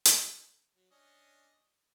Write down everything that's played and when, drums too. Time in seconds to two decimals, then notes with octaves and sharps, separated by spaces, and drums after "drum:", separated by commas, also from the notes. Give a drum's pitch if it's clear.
0.05 drum: hi-hat
0.75 F#3
0.91 C#4 D4 D#5